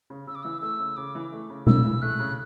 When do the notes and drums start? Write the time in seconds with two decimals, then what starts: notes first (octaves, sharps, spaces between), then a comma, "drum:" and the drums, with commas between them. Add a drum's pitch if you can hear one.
0.10 C#3
0.27 C#3 E6
0.35 D6
0.43 E3 E6
0.62 A3 E6
0.79 C#3
0.97 C#3 D6
1.15 E3
1.32 A3
1.50 C#3
1.67 C#3 E6, drum: tom
1.85 E3
2.02 A3 F#6
2.20 C#3